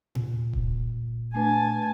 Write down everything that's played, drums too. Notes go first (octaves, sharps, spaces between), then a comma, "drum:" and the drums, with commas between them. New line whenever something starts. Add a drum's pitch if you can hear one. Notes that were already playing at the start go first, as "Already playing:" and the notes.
A#2, drum: tom A#2
drum: kick D#1
A3 D4 B4 G#5 A5